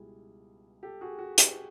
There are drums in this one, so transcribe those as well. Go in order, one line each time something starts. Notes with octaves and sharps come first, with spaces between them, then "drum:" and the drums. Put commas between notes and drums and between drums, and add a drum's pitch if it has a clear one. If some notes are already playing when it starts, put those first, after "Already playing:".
Already playing: C#2 B2 G3 E4 G#4
G4 A4
F#4 G#4
F#4
G4, drum: hi-hat